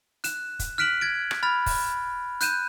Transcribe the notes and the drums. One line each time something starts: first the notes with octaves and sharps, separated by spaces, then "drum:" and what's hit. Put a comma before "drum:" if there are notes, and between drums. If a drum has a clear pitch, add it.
F#6 E7, drum: hi-hat
drum: kick, hi-hat
F6 F#6 B6 D7 E7 F#7
G#6 A6 D7
drum: rim click
B5 F6 A6
drum: kick, open hi-hat
F#6 G6 D#7 E7, drum: hi-hat